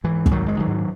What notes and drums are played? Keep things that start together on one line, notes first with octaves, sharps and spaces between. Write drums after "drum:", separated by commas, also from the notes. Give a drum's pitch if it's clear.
G#2 E3
G#2, drum: kick
D#3 F#3
G#2 G#3
D#3 F#3
G#2